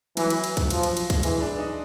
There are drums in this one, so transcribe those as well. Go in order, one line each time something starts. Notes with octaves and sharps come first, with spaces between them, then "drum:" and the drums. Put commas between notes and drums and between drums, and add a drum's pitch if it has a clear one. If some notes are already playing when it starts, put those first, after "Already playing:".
E3 F#3, drum: cymbal
drum: cymbal
drum: cymbal
drum: kick C2, cymbal
F3, drum: cymbal
drum: cymbal
drum: cymbal
drum: kick C2, cymbal
E3 G#3, drum: cymbal
D4
D#4